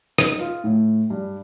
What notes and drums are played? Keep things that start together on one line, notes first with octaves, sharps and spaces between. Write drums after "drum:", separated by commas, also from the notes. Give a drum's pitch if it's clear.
D#4, drum: rim click
F4
A2
G2